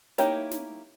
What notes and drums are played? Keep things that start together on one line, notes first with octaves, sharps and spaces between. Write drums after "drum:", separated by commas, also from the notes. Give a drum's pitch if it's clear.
A#3 D#4 E4 G4 C#5, drum: snare
drum: snare